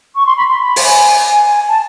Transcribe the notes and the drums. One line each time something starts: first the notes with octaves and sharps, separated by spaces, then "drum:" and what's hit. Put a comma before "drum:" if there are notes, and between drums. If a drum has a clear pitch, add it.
C#6
C6
B5
C6
B5
G#5, drum: open hi-hat
A5